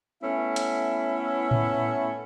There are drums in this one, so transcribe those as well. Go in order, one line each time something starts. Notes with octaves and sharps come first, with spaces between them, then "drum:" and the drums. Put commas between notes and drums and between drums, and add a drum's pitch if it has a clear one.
A3 B3 C#4 E4 E5
drum: hi-hat
drum: tom A2